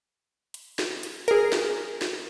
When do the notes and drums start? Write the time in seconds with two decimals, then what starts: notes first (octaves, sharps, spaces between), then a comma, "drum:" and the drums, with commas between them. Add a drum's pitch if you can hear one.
0.54 drum: hi-hat
0.79 drum: snare
1.03 drum: hi-hat
1.28 G#4 A#4, drum: hi-hat
1.52 drum: snare
2.01 drum: snare